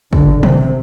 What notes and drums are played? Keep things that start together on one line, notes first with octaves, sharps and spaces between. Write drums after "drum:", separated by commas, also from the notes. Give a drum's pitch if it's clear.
D3, drum: kick
C3, drum: tom D3